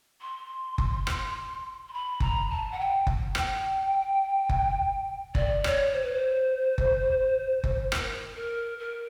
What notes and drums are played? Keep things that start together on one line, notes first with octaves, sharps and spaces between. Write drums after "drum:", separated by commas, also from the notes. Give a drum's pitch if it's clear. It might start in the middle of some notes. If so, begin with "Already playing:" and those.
C6
drum: kick F#1
drum: rim click
C6
B5
A#5, drum: kick F#1
A5
F#5
G5
drum: kick F#1
G5, drum: rim click
drum: kick F#1
D5, drum: kick F#1
C#5, drum: rim click
C5
B4
C5
drum: kick F#1
drum: kick F#1
A#4, drum: rim click
A#4
A#4